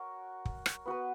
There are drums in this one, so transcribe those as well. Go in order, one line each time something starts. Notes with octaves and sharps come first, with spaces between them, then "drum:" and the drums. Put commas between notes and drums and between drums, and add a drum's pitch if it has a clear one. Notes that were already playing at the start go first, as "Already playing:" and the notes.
Already playing: F#4 A#4 C#5
drum: kick
drum: rim click
B3 F#4 B4